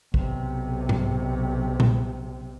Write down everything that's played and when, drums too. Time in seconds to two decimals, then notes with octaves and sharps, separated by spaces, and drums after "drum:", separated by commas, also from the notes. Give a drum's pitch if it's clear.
0.14 B1 C3, drum: kick
0.89 drum: tom G#2
1.80 drum: tom A#2